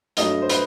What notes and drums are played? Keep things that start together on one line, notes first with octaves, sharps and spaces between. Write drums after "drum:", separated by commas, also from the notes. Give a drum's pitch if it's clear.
G2 F#3 A3 D#5, drum: hi-hat
C5
B4, drum: hi-hat